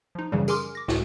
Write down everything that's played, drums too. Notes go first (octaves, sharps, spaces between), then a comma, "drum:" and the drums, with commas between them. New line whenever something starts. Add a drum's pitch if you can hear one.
F3 D#4
F#2 C#3 E3 F3 G3
G#4 A#4 G#5 C6 D6 F6, drum: tambourine
D6 A#6
C#2 A2 F#4, drum: snare